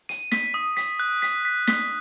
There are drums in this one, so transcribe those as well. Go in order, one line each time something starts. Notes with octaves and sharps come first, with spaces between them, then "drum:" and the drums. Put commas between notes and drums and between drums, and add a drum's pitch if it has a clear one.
D#7, drum: hi-hat
B6, drum: snare
D#6
B6, drum: hi-hat
F#6
B6, drum: hi-hat
B6
B6, drum: snare